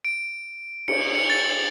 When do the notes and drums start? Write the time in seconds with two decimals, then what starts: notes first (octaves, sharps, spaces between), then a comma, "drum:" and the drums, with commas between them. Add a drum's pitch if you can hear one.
0.05 D7
0.88 C#7, drum: cymbal
1.15 C#7
1.30 A6